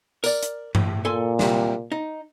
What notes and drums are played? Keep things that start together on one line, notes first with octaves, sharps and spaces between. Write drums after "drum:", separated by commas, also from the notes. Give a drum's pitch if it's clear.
A#4 D5, drum: tambourine
drum: hi-hat
A2, drum: tom G2
A#2 A4 G#5 C6
C3 G3, drum: snare
D#4